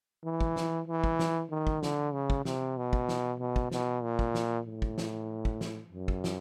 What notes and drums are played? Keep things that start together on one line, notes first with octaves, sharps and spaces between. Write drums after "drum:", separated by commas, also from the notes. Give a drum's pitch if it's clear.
E3
drum: kick
drum: snare
E3
drum: kick
drum: snare
D#3
drum: kick
D3, drum: snare
C#3
drum: kick
C3, drum: snare
B2
drum: kick
drum: snare
B2
drum: kick
B2, drum: snare
A#2
drum: kick
drum: snare
A2
drum: kick
drum: snare
drum: kick
drum: snare
F#2
drum: kick
drum: snare